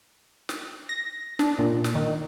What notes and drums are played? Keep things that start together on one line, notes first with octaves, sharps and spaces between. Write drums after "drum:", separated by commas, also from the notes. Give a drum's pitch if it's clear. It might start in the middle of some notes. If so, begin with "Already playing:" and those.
drum: snare
A#6
D4, drum: snare
A#2
drum: snare
D#3